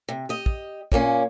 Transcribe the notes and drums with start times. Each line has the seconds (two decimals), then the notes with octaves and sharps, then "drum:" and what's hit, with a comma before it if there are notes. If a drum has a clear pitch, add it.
0.09 C3
0.29 G4 D#5
0.46 drum: kick
0.92 F#2 A#2 A#3 C#4, drum: kick